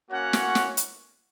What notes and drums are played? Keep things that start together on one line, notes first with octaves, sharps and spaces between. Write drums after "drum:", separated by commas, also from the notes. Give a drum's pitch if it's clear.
A#3 C#4 F#4 C#5 F#5
drum: snare
drum: snare
drum: hi-hat